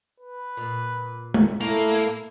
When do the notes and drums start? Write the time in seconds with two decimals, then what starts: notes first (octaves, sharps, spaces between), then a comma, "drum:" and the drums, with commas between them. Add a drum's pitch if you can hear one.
0.20 B4
0.57 A#2
1.34 drum: tom G#3
1.61 A2 A3 A#3 E4